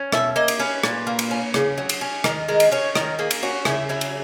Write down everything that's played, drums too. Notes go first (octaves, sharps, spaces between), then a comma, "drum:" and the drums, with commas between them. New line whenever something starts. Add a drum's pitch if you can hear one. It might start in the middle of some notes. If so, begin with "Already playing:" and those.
Already playing: C#4
B2 E5, drum: rim click
A#3 D#5
drum: cymbal
C#4 B4
A#2, drum: rim click
A#3
drum: cymbal
C#4
C#3, drum: rim click
F#3
drum: cymbal
C#4
D#3 A#4, drum: rim click
G#3 A#4
drum: cymbal
C#4 C#5
D#3 A#4, drum: rim click
A#3 G#4
drum: cymbal
C#4 F#4
C#3 E4, drum: rim click
F#3 E4
drum: cymbal